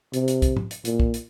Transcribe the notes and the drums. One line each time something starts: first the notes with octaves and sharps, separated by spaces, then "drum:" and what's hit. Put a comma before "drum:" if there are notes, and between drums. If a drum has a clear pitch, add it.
C3, drum: hi-hat
drum: hi-hat
drum: kick, hi-hat
drum: tom
drum: hi-hat
A#2, drum: hi-hat
drum: kick
drum: hi-hat